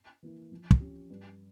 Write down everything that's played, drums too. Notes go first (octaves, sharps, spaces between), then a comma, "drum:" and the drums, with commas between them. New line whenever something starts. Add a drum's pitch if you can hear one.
E3 A#3 E4
F3
drum: kick
C#4 G4
G2